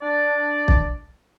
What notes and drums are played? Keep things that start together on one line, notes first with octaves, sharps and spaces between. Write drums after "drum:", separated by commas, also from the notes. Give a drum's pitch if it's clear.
D4 D5
drum: kick